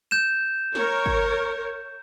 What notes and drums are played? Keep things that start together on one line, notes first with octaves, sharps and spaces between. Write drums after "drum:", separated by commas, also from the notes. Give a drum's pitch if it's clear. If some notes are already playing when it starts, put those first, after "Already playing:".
G6 E7
A#4 C#5, drum: snare
drum: kick